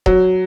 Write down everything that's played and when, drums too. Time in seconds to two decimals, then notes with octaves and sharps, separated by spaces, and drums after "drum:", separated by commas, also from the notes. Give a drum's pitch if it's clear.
0.06 F#3, drum: kick E1